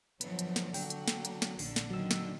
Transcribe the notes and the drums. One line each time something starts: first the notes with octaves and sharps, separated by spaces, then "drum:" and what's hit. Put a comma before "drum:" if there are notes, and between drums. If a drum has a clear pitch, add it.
D3 F3 F#3 B3, drum: hi-hat
drum: hi-hat
drum: snare
D3 F#3 G5, drum: open hi-hat
drum: hi-hat
drum: snare
drum: hi-hat
drum: snare
A#1 D3, drum: open hi-hat
drum: snare
D#3 F#3 E6
drum: snare